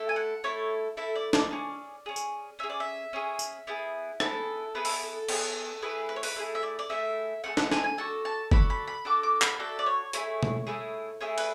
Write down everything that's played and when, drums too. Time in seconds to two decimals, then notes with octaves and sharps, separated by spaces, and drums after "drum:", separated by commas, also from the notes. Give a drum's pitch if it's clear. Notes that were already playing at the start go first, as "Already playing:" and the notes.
Already playing: A3 E4 A4
0.09 G#5
0.16 F#5
0.44 A3 E4 A4 C#5
0.97 A3 E4 A4 E5
1.15 D5
1.33 D5, drum: snare
1.51 C#4 G#4
2.06 C#4 G#4
2.16 drum: tambourine
2.59 C#4 G#4 E5
2.70 D5
2.80 E5
3.13 C#4 G#4
3.39 drum: tambourine
3.67 B3 E4 G#4
4.20 B3 E4 G#4 A4, drum: rim click
4.75 B3 E4 G#4 B4
4.85 A4, drum: open hi-hat
5.03 A4
5.29 B3 E4 G#4, drum: cymbal
5.82 A3 E4 G#4 B4
6.09 B4
6.16 C#5
6.23 B4, drum: open hi-hat
6.36 A3 E4 G#4
6.55 E5
6.63 D5
6.79 D5
6.89 A3 E4 G#4 E5
7.44 A3 E4 G#4 F#5
7.57 F#5, drum: snare
7.71 G#5, drum: snare
7.84 G#5
7.98 D4 F#4 A4 A5
8.25 A5
8.52 D4 F#4 A4 B5, drum: kick F#1
8.70 B5
8.87 B5
9.05 D4 F#4 A4 D6
9.23 D6
9.42 B5, drum: clap
9.59 D4 F#4 A4 E5
9.79 D5
9.86 C#5
10.13 A3 E4 G#4 C#5, drum: hi-hat
10.43 drum: tom B2
10.67 A3 E4 G#4
11.21 A3 E4 G#4 C#5
11.38 B4, drum: cymbal